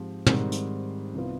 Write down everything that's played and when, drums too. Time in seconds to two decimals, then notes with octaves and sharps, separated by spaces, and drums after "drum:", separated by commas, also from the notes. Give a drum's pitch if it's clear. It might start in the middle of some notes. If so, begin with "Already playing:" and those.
Already playing: G#2 F3 C4 G4
0.26 G#2 D#3 G3 C4, drum: tom
0.52 drum: hi-hat
1.14 C2 C3 D#3 B3 F4